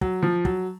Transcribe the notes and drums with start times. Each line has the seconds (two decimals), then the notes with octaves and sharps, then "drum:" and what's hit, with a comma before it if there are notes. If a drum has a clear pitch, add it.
0.01 F#3, drum: kick
0.23 F3
0.45 F#3, drum: kick